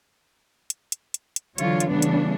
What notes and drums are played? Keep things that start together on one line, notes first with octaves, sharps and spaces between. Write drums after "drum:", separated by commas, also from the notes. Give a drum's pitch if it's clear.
drum: hi-hat
drum: hi-hat
drum: hi-hat
drum: hi-hat
D3 E3 F#3 F4 C#5, drum: hi-hat
drum: hi-hat
C#3 E3 G3 A3 B3 D4
drum: hi-hat